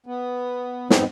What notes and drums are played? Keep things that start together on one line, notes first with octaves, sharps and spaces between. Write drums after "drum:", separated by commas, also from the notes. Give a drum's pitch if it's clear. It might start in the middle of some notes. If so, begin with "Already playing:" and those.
B3
F2 G#2 B3 C4 D#4, drum: snare